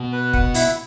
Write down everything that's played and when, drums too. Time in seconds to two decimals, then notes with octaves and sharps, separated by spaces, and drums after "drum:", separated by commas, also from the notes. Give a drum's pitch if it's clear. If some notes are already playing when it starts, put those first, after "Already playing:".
Already playing: B2
0.12 B4
0.33 F#5, drum: kick
0.54 E4, drum: open hi-hat